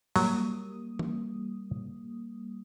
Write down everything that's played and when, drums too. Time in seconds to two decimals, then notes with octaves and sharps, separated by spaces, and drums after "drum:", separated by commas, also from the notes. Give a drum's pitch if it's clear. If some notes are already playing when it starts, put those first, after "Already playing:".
0.16 F#3 G3 A#3 D#6, drum: open hi-hat
0.99 drum: tom E3